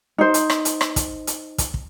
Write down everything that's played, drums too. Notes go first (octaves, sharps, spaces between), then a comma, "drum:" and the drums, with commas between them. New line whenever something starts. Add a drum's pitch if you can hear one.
D#4 C5
drum: hi-hat
drum: rim click
drum: hi-hat
drum: rim click
drum: kick, hi-hat
drum: hi-hat
drum: kick, hi-hat
drum: kick